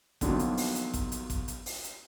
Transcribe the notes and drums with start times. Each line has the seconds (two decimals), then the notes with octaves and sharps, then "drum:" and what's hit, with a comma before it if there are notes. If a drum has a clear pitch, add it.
0.21 B2 D3 D#3 F3 F#3 A#3, drum: kick G#1, hi-hat
0.39 drum: hi-hat
0.57 drum: open hi-hat
0.75 drum: hi-hat
0.94 drum: kick G#1, hi-hat
1.12 drum: hi-hat
1.30 drum: kick G#1, hi-hat
1.48 drum: hi-hat
1.66 drum: open hi-hat
1.84 drum: hi-hat